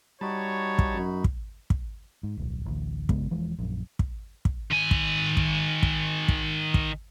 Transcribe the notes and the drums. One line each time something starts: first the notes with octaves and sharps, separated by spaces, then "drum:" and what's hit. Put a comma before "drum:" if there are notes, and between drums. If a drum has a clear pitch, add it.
G3 D#4 F#4 C#5 A5 B5
drum: kick
F#2
drum: kick
drum: kick
G#2
D1 B1
A1 D2
F#1 C#3 G#3 B3, drum: kick
E1 E3 F3 G#3
A#1 F#2
drum: kick
drum: kick
D#3 G#5
drum: kick
drum: kick
drum: kick
drum: kick
drum: kick